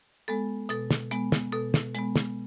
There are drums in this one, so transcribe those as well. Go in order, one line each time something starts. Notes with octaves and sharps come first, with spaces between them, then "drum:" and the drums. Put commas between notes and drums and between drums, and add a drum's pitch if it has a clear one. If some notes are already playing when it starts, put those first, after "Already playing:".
G#3 B3 A4
B2 A4, drum: hi-hat
drum: snare
G#3 B3, drum: hi-hat
drum: snare
B2 A4
drum: snare
G#3 B3, drum: hi-hat
drum: snare